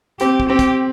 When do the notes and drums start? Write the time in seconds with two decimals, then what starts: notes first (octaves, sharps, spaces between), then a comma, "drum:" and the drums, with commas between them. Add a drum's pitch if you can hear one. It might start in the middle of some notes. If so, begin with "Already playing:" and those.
0.20 C4 G4, drum: hi-hat
0.40 drum: kick
0.49 C4 G4
0.59 drum: kick, hi-hat